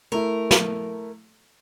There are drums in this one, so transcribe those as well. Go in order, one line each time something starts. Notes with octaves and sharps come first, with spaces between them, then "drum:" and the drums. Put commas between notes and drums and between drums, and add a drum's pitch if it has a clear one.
A3 E4 A#4
drum: snare